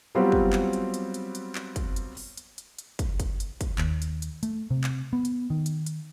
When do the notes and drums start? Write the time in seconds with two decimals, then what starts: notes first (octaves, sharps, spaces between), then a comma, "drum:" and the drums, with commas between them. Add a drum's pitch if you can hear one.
0.15 F#3 G3 B3 C4 F4 G4
0.32 drum: kick
0.53 drum: clap
0.73 drum: hi-hat
0.94 drum: hi-hat
1.14 drum: hi-hat
1.35 drum: hi-hat
1.55 drum: clap
1.76 drum: kick, hi-hat
1.96 drum: hi-hat
2.17 drum: open hi-hat
2.37 drum: hi-hat
2.58 drum: hi-hat
2.79 drum: hi-hat
2.99 drum: kick, hi-hat
3.20 drum: kick, hi-hat
3.40 drum: hi-hat
3.61 drum: kick, hi-hat
3.78 D#2, drum: clap
4.02 drum: hi-hat
4.22 drum: hi-hat
4.43 A3, drum: hi-hat
4.71 C3
4.84 drum: clap
5.13 B3
5.25 drum: hi-hat
5.50 D#3
5.66 drum: hi-hat
5.86 drum: hi-hat